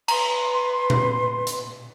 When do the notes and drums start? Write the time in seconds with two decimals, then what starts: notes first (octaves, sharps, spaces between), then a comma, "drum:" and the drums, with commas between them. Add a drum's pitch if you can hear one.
0.08 B4 A#5 C6, drum: cymbal
0.90 drum: tom A#2
1.47 drum: hi-hat